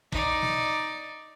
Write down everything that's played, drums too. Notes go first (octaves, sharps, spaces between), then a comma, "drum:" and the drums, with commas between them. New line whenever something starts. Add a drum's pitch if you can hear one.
D#4 D5, drum: kick
drum: snare